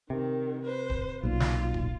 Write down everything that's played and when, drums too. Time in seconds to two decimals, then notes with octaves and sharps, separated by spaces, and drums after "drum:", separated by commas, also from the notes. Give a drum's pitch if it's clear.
0.10 C3 D#3
0.63 B4 C5
0.90 drum: kick
1.23 B1 A#2 F4
1.40 drum: snare
1.74 drum: kick